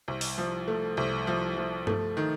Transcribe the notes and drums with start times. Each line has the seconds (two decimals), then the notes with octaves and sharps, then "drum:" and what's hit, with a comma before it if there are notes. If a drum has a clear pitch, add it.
0.08 C2
0.21 drum: open hi-hat
0.38 F3
0.68 A3
0.97 C2
1.27 F3
1.57 F3
1.87 A3, drum: tom G2
2.17 D#3